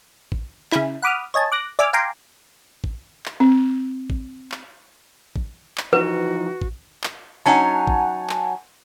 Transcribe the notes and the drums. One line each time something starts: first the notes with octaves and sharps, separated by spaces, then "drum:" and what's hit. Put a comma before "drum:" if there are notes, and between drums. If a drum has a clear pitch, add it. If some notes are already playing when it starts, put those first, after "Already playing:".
drum: kick
C#3 E4, drum: clap
F#5 B5 D6 D#6 F6
C#5 D#5 G#5 A5
D6 F#6 A#6
D5 E5 G#5 D6 F6
F5 G5 G#5 A#5 C6 D6
drum: kick
drum: clap
C4
drum: kick
drum: clap
drum: kick
drum: clap
E3 F3 D#4 F#4 B4
drum: kick
drum: clap
F#3 C#4 D#4 F#5 G#5 A5
drum: kick
drum: clap